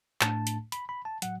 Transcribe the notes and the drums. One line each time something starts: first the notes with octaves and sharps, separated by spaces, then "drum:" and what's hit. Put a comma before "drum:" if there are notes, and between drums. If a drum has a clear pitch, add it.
A2 A3 D4 A5, drum: clap
drum: hi-hat
B5, drum: hi-hat
B5
A5
A2 F#3 F#5, drum: hi-hat